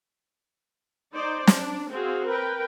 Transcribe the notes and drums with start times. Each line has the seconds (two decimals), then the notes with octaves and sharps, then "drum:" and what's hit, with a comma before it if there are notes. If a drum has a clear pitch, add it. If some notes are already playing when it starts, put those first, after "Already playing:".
1.14 D#4 C5 D5
1.47 D4, drum: snare
1.91 C4 F#4 G#4 F5
2.28 A#4 B4 G5